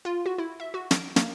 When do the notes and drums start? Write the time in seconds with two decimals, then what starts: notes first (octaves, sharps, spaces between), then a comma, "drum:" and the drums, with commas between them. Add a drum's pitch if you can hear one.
0.05 F4
0.26 F#4
0.38 E4
0.60 E5
0.74 F#4
0.91 D7, drum: snare
1.16 A#3, drum: snare